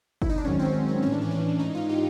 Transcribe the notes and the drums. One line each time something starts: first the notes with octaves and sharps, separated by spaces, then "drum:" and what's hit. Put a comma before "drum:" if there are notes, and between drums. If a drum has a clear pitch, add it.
E4, drum: kick G1
D#4
D4
G#2 D#3 F#3 C#4, drum: tom
C4
C4
C#4
A2 E3 C#4
D4
C#4
D4
G#2 E3 D#4
F4
G4